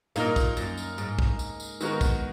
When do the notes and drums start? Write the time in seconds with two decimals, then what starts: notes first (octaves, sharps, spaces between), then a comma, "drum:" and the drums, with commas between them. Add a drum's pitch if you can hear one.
0.16 A#2 A#3 D#4 A#4, drum: tambourine
0.36 drum: kick, tambourine
0.57 F#2, drum: tambourine
0.77 drum: tambourine
0.98 G#2, drum: tambourine
1.19 drum: kick
1.39 drum: tambourine
1.60 drum: tambourine
1.80 D#3 G#3 B3 F#4 A#4, drum: tambourine
2.01 drum: kick, tambourine